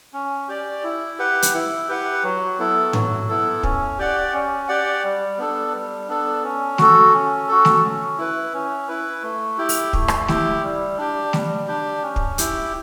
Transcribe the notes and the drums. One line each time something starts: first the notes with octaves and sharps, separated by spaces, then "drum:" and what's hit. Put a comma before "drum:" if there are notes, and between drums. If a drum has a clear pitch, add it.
C#4
G4 D5
E4
G4 B4 F#5
drum: hi-hat
E4
G4 B4 F#5
F#3
B3 E4 A4
F#3, drum: tom G#2
B3 E4 A4
C#4, drum: kick
G4 D5 F#5
C#4
G4 D5 F#5
G3
B3 D4 A4
G3
B3 D4 A4
C#4
F#4 A4, drum: snare A3
C#4
F#4 A4
drum: snare A3
C#4
E4 B4
C#4
E4 B4
A3
E4 G4
drum: open hi-hat
A3, drum: kick
drum: rim click
E4 G4, drum: snare A3
G3
D4 G4
G3, drum: snare A3
D4 G4
C#4
drum: kick
E4 G4, drum: hi-hat